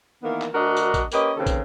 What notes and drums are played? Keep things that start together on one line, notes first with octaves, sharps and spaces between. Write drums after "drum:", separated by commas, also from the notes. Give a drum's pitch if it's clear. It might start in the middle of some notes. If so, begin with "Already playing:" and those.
D#3 E3 A#3 B3 A#4
drum: clap
D2 D4 F#4 A#4 D#5
drum: tambourine
drum: kick, tambourine
A#3 C#4 G4 B4 D#5, drum: tambourine
D#2 C#3 C4 A4 B4
drum: kick, tambourine